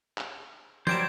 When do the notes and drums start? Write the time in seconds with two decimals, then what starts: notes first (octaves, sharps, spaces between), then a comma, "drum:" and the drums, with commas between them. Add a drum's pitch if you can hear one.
0.18 drum: clap
0.87 F#3 G3 C5 G#6 D7 E7, drum: snare